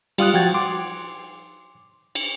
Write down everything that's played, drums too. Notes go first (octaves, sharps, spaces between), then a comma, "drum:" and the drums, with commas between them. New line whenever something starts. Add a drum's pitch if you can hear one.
G3 F4 D#6 F#6, drum: cymbal
F3 F#4 G5 G#6 A6
C6 D6
drum: cymbal